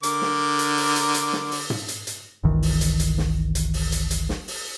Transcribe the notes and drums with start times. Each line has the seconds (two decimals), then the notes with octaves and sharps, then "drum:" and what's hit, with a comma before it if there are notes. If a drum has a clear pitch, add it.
0.03 D3 A#4 D6, drum: hi-hat
0.22 drum: snare
0.59 drum: hi-hat
0.77 drum: open hi-hat
0.96 drum: hi-hat
1.14 drum: hi-hat
1.33 drum: snare
1.51 drum: open hi-hat
1.70 drum: tom
1.88 drum: hi-hat
2.07 drum: hi-hat
2.43 G1 C#2 D#3 E3
2.62 drum: open hi-hat
2.81 drum: hi-hat
3.00 drum: hi-hat
3.18 drum: snare
3.55 drum: hi-hat
3.74 drum: open hi-hat
3.92 drum: hi-hat
4.11 drum: hi-hat
4.29 drum: snare
4.48 drum: open hi-hat